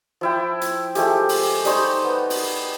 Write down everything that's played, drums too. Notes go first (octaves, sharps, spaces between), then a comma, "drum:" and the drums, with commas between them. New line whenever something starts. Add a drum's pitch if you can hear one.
F3 E4 G5
drum: hi-hat
F3 G#3 A3 G4, drum: hi-hat
drum: open hi-hat
G3 D#4 C5 C#5, drum: hi-hat
B3
drum: open hi-hat